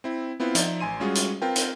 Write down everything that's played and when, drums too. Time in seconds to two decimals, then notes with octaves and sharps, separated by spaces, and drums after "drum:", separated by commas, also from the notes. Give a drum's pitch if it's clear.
0.04 C4 E4
0.40 B3 C4 E4 F4 B4
0.55 F3 D#4 D5 E5, drum: hi-hat
0.80 A1 G#5 C6 D#7
1.00 G3 G#3 C#4 F4 F#4 G#4
1.15 drum: hi-hat
1.42 C4 F4 A#4 B4 G5
1.56 drum: hi-hat